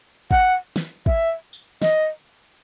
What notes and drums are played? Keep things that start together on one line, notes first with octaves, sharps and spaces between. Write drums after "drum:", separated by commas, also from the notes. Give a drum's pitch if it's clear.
F#5, drum: kick
drum: snare
E5, drum: kick
drum: tambourine
D#5, drum: snare